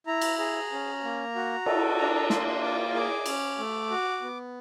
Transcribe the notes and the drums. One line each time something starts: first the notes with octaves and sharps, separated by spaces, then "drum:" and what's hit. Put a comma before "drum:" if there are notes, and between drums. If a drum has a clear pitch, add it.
E4 A#5
drum: cymbal
G#4 A#5
C#4
A#3
F#4
A4, drum: cymbal
D4 A#5
A#5
A#3 C6, drum: snare
C6
F4 D6
G#4 D6
C#4, drum: cymbal
A3
F#4
B3